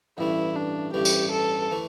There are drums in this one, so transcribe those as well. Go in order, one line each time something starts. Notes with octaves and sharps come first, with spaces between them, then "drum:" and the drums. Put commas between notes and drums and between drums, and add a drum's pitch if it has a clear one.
A1 G2 E3 A3 E4
D4
A1 G2 E3 A3 G4
drum: tambourine
A4
E3 A3